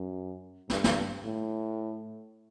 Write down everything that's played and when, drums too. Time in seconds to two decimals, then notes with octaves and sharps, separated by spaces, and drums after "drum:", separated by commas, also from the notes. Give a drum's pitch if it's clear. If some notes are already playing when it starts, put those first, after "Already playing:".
Already playing: F#2
0.70 G2, drum: snare
0.84 drum: snare
1.24 A2